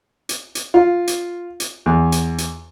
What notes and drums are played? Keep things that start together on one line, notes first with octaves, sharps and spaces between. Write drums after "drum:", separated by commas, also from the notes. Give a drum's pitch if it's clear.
drum: hi-hat
drum: hi-hat
F4
drum: hi-hat
drum: hi-hat
E2
drum: hi-hat
drum: hi-hat